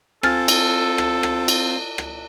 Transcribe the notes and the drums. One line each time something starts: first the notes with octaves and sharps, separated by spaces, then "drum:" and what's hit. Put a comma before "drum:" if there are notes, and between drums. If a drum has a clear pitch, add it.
C4 F4 A4 G#5 F6 A6, drum: rim click
drum: cymbal
drum: rim click
drum: rim click
drum: cymbal
drum: rim click